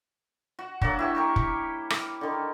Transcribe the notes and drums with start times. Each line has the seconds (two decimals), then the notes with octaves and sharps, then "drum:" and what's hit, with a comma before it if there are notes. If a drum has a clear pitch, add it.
0.59 F#4
0.81 F#3 A#3 D4 F#4, drum: kick
0.99 E4 G4 C#5
1.15 G4 A#4 C#6
1.36 drum: kick
1.90 drum: rim click
2.21 D3 D#3